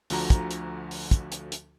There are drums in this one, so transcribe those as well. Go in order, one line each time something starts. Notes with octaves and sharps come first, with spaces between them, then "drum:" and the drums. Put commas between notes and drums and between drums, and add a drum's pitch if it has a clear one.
D2 D3 F3 F#4 A#5, drum: open hi-hat
drum: kick, hi-hat
drum: hi-hat
drum: open hi-hat
drum: kick, hi-hat
drum: hi-hat
drum: hi-hat